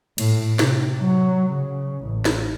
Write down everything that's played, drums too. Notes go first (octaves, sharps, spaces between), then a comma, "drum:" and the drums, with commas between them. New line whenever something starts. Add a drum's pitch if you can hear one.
A2, drum: cymbal
C3, drum: snare
F#3
C#3
A1
drum: snare